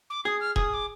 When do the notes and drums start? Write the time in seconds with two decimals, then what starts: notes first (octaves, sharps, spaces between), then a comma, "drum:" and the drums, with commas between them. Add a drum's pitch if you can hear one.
0.10 D6
0.25 G#4 D#6
0.40 F6
0.56 G#4 D#6, drum: kick E1
0.73 D6